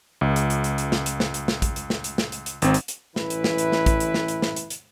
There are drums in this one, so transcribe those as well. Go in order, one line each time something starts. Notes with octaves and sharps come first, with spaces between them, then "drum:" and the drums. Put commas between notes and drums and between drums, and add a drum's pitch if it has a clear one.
C#2
drum: hi-hat
drum: hi-hat
drum: hi-hat
drum: hi-hat
drum: snare
drum: hi-hat
drum: snare
drum: hi-hat
drum: snare
drum: kick, hi-hat
drum: hi-hat
drum: snare
drum: hi-hat
drum: snare
drum: hi-hat
drum: hi-hat
G#1 C4, drum: hi-hat
drum: hi-hat
drum: hi-hat
A1 E3 E4 B4, drum: snare
drum: hi-hat
drum: snare
drum: hi-hat
drum: snare
drum: kick, hi-hat
drum: hi-hat
drum: snare
drum: hi-hat
drum: snare
drum: hi-hat
drum: hi-hat